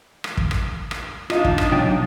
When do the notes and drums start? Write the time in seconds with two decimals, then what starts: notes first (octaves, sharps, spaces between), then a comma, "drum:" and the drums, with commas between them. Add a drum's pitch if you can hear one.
0.24 drum: rim click
0.37 drum: kick
0.51 drum: rim click
0.91 drum: rim click
1.30 D4 D#4 F4 D#5 F5, drum: rim click
1.45 drum: kick
1.58 drum: rim click
1.71 B2 F#3 G5